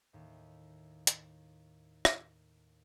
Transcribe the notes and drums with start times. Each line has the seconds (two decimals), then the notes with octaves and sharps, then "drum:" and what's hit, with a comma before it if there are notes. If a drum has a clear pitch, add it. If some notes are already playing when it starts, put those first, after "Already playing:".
0.13 D#2 A2
1.07 drum: hi-hat
2.05 drum: rim click